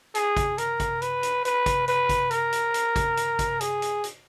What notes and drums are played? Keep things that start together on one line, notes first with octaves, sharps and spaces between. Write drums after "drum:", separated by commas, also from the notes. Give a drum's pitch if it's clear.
G#4, drum: hi-hat
drum: kick, hi-hat
A#4, drum: hi-hat
drum: kick, hi-hat
B4, drum: hi-hat
drum: hi-hat
B4, drum: hi-hat
drum: kick, hi-hat
B4, drum: hi-hat
drum: kick, hi-hat
A#4, drum: hi-hat
drum: hi-hat
drum: hi-hat
drum: kick, hi-hat
drum: hi-hat
drum: kick, hi-hat
G#4, drum: hi-hat
drum: hi-hat
drum: hi-hat